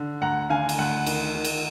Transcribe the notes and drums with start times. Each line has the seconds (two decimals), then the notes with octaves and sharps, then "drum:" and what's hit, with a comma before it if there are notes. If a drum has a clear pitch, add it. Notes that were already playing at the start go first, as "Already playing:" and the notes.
Already playing: D3
0.21 D2 F#5 A#5
0.50 D3 F5 G#5
0.69 drum: cymbal
0.78 D2 F#5
1.06 D#3, drum: cymbal
1.35 D#3
1.44 drum: cymbal